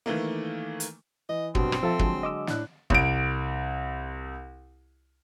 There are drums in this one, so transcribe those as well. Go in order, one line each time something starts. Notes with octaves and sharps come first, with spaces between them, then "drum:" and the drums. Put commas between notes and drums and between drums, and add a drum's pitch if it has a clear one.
D#3 E3 A3 A#3
drum: hi-hat
E3 D#5
G2 B2 F#3 C4, drum: kick
drum: rim click
F3 A4 E5 A5
D3 F#3 G#3, drum: kick
D#5 D6 E6
A2 D4 F#6, drum: snare
C2 D7, drum: kick